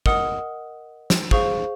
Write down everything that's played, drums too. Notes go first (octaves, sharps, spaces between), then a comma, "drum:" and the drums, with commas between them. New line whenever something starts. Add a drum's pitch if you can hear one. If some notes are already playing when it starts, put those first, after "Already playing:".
A#4 D#5 F#5 D#6, drum: kick
drum: snare
G#4 C5 F5 C#6, drum: kick